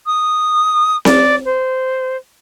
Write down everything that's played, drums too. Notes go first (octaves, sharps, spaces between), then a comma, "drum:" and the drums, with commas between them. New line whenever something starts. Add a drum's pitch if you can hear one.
D#6
D5, drum: snare C4
C5